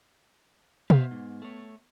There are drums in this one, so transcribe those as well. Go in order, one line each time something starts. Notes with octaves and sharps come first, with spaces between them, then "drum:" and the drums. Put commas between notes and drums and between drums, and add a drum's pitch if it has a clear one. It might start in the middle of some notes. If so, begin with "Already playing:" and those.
B3 C5 E5 F5, drum: tom B2
G#2
A3 C#5